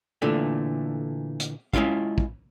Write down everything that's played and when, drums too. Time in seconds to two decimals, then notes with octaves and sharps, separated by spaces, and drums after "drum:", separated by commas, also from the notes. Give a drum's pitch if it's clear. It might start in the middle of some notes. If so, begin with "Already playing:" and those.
0.22 A#2 D3 E3 A3
1.40 drum: hi-hat
1.73 G#3 C#4 E4 F4 F5, drum: kick
2.18 drum: kick